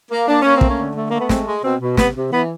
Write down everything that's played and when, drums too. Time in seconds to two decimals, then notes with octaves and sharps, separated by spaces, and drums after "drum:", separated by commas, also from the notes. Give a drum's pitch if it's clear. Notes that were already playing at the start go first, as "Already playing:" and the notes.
0.10 A#3
0.28 A#3 D4
0.41 A#3 C#4
0.56 C4
0.61 A3, drum: kick
0.69 C#4
0.78 D3
0.95 A3
1.10 A3 A#3
1.20 B3
1.29 G#3 C4, drum: snare
1.47 G#3
1.64 B2 C4
1.80 B2
1.97 C3 B3, drum: snare
2.15 C3
2.31 E3 B3